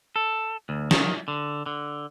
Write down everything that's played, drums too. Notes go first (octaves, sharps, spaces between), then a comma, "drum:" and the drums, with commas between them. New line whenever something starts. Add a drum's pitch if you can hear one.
A4
D2
D#3, drum: snare
D3
D3